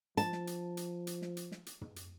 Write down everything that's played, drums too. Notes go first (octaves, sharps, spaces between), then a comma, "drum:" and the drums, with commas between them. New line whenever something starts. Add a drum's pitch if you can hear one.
F3 A5, drum: hi-hat
drum: snare
drum: hi-hat
drum: hi-hat
drum: hi-hat
drum: snare
drum: hi-hat
drum: snare
drum: hi-hat
drum: tom
drum: hi-hat